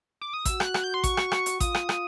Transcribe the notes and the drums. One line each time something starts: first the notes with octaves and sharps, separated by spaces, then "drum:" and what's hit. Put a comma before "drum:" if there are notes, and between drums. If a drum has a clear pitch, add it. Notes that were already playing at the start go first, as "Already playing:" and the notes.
D6
D#6
F#4 E6, drum: kick A1, hi-hat
G6, drum: rim click
F#6
drum: rim click
G6
C6
C#6, drum: kick A1, hi-hat
drum: rim click
drum: rim click
drum: hi-hat
F4 D#6, drum: kick A1, hi-hat
drum: rim click
drum: rim click